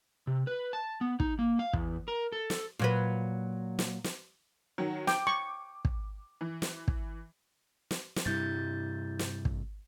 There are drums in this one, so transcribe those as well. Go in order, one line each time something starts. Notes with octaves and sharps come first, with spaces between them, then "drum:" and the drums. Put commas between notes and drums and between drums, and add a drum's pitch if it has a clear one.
C3
B4
A5
B3
D#4, drum: kick
A#3
F5
E2, drum: kick
A#4
A4
drum: snare
A#2 F#3 B4
drum: snare
drum: snare
D#3 F#3
G5 D6, drum: snare
C#6
drum: kick
E3
drum: snare
drum: kick
drum: snare
drum: snare
G2 C3 G3 E4 G6 A6
drum: snare
drum: kick